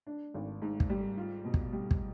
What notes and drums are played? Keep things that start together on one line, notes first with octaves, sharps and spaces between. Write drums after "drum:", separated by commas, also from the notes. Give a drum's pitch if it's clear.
D4
G#1
G#2
drum: kick
G3
F4
B2
drum: kick
G3
drum: kick